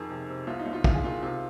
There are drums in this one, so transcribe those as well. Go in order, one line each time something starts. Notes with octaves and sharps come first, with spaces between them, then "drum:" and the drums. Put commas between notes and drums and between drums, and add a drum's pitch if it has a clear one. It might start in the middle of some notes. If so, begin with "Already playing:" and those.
Already playing: F2 D#3 G#4
C3
C3
C2 F4
D#4
C2
F4
C2 F4, drum: kick
G#4
D#3 F4
C3 F4